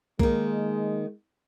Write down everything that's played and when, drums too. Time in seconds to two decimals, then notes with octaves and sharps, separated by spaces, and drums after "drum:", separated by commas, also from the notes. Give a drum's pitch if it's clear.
0.19 D#3 G#3 A#3, drum: kick B1